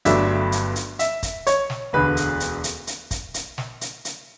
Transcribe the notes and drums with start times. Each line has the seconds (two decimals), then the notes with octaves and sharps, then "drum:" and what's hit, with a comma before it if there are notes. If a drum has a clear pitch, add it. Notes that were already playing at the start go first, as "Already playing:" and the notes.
0.05 G1 G2 F#3 A3 D4 E5, drum: hi-hat
0.52 drum: hi-hat
0.76 drum: hi-hat
0.99 E5, drum: hi-hat
1.23 drum: kick, hi-hat
1.47 C#5, drum: hi-hat
1.70 drum: snare
1.93 E1 D2 D3 B4
2.17 drum: hi-hat
2.40 drum: hi-hat
2.64 drum: hi-hat
2.87 drum: hi-hat
3.11 drum: kick, hi-hat
3.34 drum: hi-hat
3.58 drum: snare
3.81 drum: hi-hat
4.05 drum: hi-hat